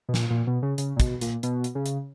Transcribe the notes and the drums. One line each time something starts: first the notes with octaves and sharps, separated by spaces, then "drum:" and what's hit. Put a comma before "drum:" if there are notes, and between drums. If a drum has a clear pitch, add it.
B2
A#2, drum: snare
A#2
B2
C#3
C#3, drum: hi-hat
A#2
B2, drum: kick, hi-hat
A#2, drum: hi-hat
B2, drum: hi-hat
drum: hi-hat
C#3
drum: hi-hat